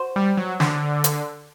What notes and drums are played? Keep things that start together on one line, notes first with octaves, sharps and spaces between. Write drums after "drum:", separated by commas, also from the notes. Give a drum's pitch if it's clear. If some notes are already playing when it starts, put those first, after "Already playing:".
Already playing: F#4 C5
G3
F#3
D3, drum: snare
drum: hi-hat